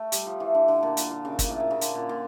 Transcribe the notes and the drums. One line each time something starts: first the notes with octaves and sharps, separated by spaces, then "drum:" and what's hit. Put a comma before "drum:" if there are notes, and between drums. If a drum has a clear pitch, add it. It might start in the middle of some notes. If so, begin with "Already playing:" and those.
Already playing: A3
G3, drum: hi-hat
F3
E3
D3
D3
A#2
A#2, drum: hi-hat
A#2
C#3
A#2, drum: kick, hi-hat
A2
A#2
C#3
D3, drum: hi-hat
A#2
A#2